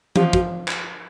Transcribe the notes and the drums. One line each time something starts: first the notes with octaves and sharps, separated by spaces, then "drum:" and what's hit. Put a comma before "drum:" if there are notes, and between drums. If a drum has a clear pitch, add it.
F3 G4, drum: tom E3
F#4, drum: kick
drum: clap